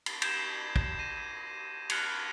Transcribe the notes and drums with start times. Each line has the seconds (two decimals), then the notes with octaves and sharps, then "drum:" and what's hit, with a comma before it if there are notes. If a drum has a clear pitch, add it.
0.06 drum: cymbal
0.22 G6 G#6 C7 E7, drum: cymbal
0.76 drum: kick
0.99 A#6 D#7
1.90 F6 F#6 G#6 C#7 F7, drum: cymbal